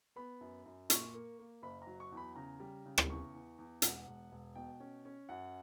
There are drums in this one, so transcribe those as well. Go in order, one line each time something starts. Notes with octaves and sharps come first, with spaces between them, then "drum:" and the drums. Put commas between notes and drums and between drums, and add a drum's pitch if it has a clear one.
B3 B5
F#2
F#2
A#2 C#6, drum: hi-hat
A#3
A#3
F#1 B5
F#3 A#5
C#6
E2
B5
C#3 A#5
G3
C#3
drum: rim click
E2 C#6
E2
E2
E1 F#5, drum: hi-hat
E1
E1
B2 G5
C#4
C#4
F#2 F#5